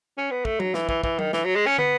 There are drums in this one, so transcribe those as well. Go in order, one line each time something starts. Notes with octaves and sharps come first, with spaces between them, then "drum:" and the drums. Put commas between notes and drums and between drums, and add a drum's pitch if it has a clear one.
C#4
B3
A3, drum: kick
F#3, drum: tom F#3
E3, drum: snare
E3, drum: kick
E3, drum: kick
D#3, drum: tom F#3
E3, drum: snare
F#3
G#3
C#4
B3, drum: tom